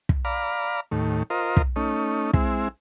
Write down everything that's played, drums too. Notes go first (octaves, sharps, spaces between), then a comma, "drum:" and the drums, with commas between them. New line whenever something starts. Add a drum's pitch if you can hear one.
drum: kick
D5 F5 A#5 B5
D#2 A2
F4 A#4 C5 D#5
drum: kick
A3 C#4 D#4
G#3 C4 E4, drum: kick